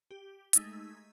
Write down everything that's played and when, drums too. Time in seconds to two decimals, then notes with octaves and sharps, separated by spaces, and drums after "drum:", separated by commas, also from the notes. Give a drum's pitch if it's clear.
0.11 G4
0.53 G#3 A3 D#4 E6 G#6 B6, drum: hi-hat